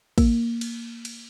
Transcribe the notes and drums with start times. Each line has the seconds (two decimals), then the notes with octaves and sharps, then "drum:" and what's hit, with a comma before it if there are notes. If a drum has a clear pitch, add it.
0.18 A#3, drum: kick, cymbal
0.61 drum: cymbal
1.05 drum: cymbal